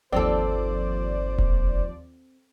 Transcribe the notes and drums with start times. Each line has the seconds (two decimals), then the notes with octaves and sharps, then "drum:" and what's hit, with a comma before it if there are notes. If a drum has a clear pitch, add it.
0.12 G1 D#2 F3 C4 F4 A4 C5 D5
1.38 drum: kick E1